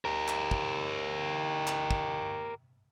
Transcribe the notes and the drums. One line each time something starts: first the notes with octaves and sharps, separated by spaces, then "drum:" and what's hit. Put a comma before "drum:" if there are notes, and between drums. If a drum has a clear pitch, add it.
G4 A#4
drum: clap
drum: kick
drum: clap
drum: kick